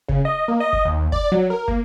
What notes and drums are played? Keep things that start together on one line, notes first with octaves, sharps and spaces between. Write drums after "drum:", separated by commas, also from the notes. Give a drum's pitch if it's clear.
C#3, drum: kick
D#5
A#3
D#5
drum: kick
D#2
D5, drum: kick
F#3
A#4
A#3, drum: kick